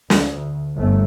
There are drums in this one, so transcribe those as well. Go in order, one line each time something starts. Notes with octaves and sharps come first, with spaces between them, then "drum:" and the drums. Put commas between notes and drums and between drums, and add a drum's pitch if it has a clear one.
D2, drum: snare
G1 A3